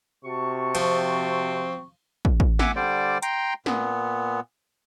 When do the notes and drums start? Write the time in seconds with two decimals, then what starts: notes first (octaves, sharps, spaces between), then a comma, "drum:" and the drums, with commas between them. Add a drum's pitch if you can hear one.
0.25 C3 F#4 A5 C#6
0.75 F3 C4, drum: cymbal
2.25 drum: kick
2.40 drum: kick
2.59 E5 F#5 G#5 D6, drum: snare
2.76 D3 G3 C5 D5
3.22 G5 A#5 C6, drum: hi-hat
3.66 A#2 B3, drum: snare